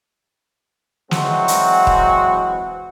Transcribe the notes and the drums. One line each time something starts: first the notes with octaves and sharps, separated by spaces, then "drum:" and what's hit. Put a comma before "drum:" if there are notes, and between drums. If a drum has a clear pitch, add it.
E3 F#3 G#3 C4 F#4, drum: snare
drum: hi-hat
drum: kick D#1